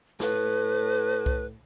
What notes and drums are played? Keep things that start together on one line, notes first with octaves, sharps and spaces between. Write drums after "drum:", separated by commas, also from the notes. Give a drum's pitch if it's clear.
A2 B4, drum: snare
drum: kick C2